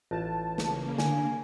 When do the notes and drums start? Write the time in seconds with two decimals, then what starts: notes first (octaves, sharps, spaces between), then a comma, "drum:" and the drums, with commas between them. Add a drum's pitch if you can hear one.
0.11 A1 F4 A5
0.58 C#3 A#3, drum: snare
0.98 D3 G#5, drum: snare